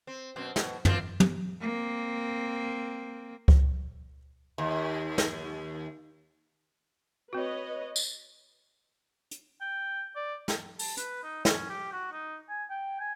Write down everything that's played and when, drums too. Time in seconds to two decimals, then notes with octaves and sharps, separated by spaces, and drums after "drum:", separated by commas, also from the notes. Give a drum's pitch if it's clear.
0.07 C4
0.36 F#2 B2 C4
0.56 B2, drum: snare
0.85 A#2 C4 F4, drum: tom
1.20 drum: tom
1.61 A#3 C4
3.48 drum: kick C#2
4.58 D#2
5.18 drum: snare
7.33 C4 F#4 B4 C#5 D#5
7.96 drum: tambourine
9.31 drum: hi-hat
9.61 G5
10.15 D5
10.48 drum: snare
10.79 A5, drum: open hi-hat
10.97 B4, drum: hi-hat
11.23 D#4
11.45 C#4, drum: snare
11.70 G4
11.92 F#4
12.12 D#4
12.49 G#5
12.70 G5
13.00 G#5